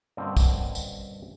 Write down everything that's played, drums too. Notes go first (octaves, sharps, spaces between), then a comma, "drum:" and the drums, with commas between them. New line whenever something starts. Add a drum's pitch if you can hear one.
G2 B2 D3 A#3 C4 C#4
drum: kick, tambourine
drum: tambourine